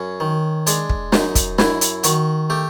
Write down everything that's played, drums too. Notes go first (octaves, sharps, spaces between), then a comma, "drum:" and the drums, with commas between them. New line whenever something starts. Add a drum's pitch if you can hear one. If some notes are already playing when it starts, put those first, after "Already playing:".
Already playing: F#2 C#4
D#3
G#3 D4, drum: hi-hat
drum: kick
F#2 D#4, drum: snare
drum: kick, hi-hat
F#2 E4, drum: snare
drum: hi-hat
D#3 F#4, drum: hi-hat
A3 G4